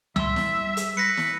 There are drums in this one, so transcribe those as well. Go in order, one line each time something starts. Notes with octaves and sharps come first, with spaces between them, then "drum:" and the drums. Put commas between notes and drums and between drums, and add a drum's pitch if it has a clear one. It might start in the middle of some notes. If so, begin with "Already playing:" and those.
G3 E5 C6 E6, drum: tom C#2
drum: snare
drum: hi-hat
B4 A#6 B6 C#7
drum: snare